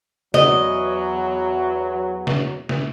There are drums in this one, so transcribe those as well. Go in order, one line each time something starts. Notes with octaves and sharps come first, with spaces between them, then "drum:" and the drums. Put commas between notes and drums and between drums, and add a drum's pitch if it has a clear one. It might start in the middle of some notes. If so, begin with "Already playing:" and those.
E2 F#3 D#5, drum: snare
drum: snare
drum: snare